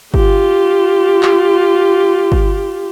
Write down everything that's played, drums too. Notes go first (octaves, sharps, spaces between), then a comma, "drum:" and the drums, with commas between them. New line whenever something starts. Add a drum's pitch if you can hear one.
F4 G4, drum: kick G1
drum: clap
drum: kick G1